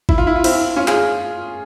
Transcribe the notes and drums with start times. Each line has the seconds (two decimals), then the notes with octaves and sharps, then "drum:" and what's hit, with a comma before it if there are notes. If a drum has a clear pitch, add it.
0.09 E4, drum: kick G#1
0.18 F4
0.27 E4
0.36 F4
0.44 C4 E4, drum: cymbal
0.76 C#4 F4
0.88 F4 G#4, drum: clap